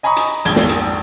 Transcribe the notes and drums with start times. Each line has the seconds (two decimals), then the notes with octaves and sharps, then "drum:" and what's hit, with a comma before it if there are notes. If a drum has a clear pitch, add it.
0.03 D#5 G#5 A#5 B5 C#6 D#6
0.16 drum: hi-hat
0.45 A#1 F2 G#2 G#6 G7, drum: hi-hat
0.56 drum: snare
0.69 drum: hi-hat